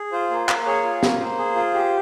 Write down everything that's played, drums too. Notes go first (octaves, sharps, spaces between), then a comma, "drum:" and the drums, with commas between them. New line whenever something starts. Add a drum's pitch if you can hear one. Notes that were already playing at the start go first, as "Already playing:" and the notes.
Already playing: G#4
F4 C5
A#3
A#3, drum: clap
G#4 C#5
F4
A#3, drum: snare
A#3 C5
G#4
F4
G4